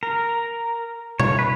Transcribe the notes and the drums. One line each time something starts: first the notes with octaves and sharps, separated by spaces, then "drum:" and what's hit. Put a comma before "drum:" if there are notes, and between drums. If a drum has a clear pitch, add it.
A#4
C#5, drum: tom B2
B4